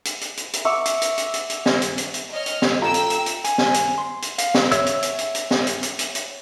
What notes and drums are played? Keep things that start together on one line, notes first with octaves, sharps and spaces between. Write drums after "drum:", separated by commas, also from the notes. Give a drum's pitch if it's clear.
drum: hi-hat
drum: hi-hat
drum: hi-hat
drum: hi-hat
E5 F#5 C#6 D6
drum: hi-hat
drum: hi-hat
drum: hi-hat
drum: hi-hat
drum: hi-hat
drum: snare
drum: hi-hat
drum: hi-hat
drum: hi-hat
C#5 D#5 F6
drum: hi-hat
drum: snare
F4 A4 G5 A#5 E6
drum: hi-hat
drum: hi-hat
drum: hi-hat
G#5, drum: hi-hat
drum: snare
drum: hi-hat
C6
drum: hi-hat
F5, drum: hi-hat
drum: snare
C#5 E5 E6, drum: hi-hat
drum: hi-hat
drum: hi-hat
drum: hi-hat
drum: hi-hat
drum: snare
drum: hi-hat
drum: hi-hat
drum: hi-hat
drum: hi-hat